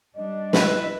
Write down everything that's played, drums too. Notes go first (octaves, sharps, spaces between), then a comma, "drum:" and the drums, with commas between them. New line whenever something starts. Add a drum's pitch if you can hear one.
G3 D4 D#5
E4 B4, drum: snare